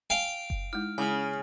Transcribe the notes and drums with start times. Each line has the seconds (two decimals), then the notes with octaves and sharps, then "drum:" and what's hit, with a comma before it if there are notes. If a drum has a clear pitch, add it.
0.10 F5 G5 G#5
0.50 drum: kick F#1
0.73 G#3 D#4 E4 F6
0.98 C#3 G#3 E4 G#5 F6